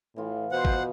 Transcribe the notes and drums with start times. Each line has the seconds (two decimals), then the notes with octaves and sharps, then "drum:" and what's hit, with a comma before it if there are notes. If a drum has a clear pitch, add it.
0.16 A2 E3 F4
0.51 B2 C5 F#5
0.65 drum: kick G#1